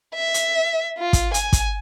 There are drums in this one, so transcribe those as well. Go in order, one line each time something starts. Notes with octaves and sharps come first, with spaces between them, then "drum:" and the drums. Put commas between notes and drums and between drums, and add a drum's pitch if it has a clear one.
E5
drum: hi-hat
F4
drum: kick, hi-hat
G#5, drum: hi-hat
drum: kick, hi-hat